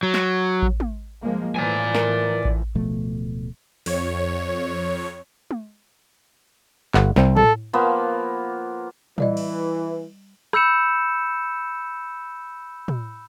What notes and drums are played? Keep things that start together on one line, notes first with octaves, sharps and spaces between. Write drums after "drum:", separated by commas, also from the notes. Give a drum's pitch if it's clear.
F#3
drum: snare
drum: kick A1
drum: tom G#3
F3 G#3 A#3
A2 E3 F3 D5 G#5
A#4, drum: snare
drum: kick A1
D1 B2 F3 A3
F2 C#5, drum: open hi-hat
drum: tom G#3
G1 F#5, drum: clap
C2 C4, drum: snare
A4, drum: tom
F3 A#3 B3
E3 G3 D5 D#5, drum: tom
drum: cymbal
B5 E6 G6 C#7 E7, drum: rim click
drum: tom